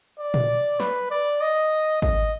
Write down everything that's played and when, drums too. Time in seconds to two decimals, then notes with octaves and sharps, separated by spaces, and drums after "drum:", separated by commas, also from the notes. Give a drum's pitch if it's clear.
0.19 D5
0.34 drum: tom A#2
0.80 B4, drum: snare
1.11 D5
1.41 D#5
2.02 D#5, drum: kick G#1